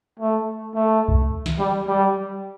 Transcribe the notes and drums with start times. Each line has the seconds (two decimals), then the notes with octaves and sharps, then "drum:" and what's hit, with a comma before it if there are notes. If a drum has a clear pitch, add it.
0.19 A3
0.75 A3
1.08 drum: kick C2
1.46 drum: snare
1.59 G3
1.87 G3